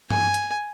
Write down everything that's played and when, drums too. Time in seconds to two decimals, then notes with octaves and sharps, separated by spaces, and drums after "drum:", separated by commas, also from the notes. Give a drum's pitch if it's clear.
0.10 G#5, drum: tom G2
0.34 drum: hi-hat